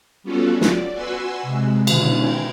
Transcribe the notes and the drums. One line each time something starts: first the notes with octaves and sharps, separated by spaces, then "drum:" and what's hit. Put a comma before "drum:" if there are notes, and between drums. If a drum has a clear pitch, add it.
G3 B3 C#4 F4 F#4 A4
D5, drum: snare
F#4 B4 G#5 C6 E6
C3 G#3
B2 D3 D#3 C#4 F4 G#4, drum: cymbal
A#4 G5 G#6